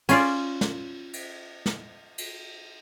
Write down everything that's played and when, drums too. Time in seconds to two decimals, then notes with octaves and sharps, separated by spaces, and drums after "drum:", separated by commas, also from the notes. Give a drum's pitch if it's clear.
0.09 C#4 F4 D5, drum: cymbal
0.61 drum: snare
1.13 drum: cymbal
1.66 drum: snare
2.18 drum: cymbal